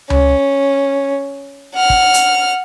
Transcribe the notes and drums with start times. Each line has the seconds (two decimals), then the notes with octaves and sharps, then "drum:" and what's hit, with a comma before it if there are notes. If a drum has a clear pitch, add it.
0.10 C#4, drum: tom C#2
1.75 F#5 F6
1.90 drum: kick
2.14 drum: hi-hat